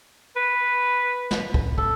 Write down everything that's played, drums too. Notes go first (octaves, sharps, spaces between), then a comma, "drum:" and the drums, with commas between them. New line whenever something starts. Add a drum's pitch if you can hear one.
B4
drum: snare
drum: kick
A4, drum: kick